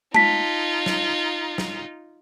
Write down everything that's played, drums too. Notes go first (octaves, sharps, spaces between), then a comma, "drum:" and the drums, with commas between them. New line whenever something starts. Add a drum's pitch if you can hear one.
D#4 F4 A5 B6, drum: tom
drum: snare
drum: snare